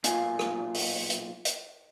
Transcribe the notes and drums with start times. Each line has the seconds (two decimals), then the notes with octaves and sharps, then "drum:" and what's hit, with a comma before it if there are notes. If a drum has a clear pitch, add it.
0.04 B1 A#2 F4 G#5, drum: hi-hat
0.39 drum: rim click
0.74 drum: open hi-hat
1.10 drum: hi-hat
1.45 drum: hi-hat